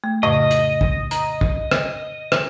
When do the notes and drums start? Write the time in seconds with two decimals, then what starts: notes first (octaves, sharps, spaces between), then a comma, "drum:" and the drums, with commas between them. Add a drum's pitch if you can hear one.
0.04 A3
0.23 F2 A2 C#3 D#5
0.51 drum: hi-hat
0.81 drum: kick
1.11 A#5, drum: hi-hat
1.41 drum: kick
1.71 drum: rim click
2.32 drum: rim click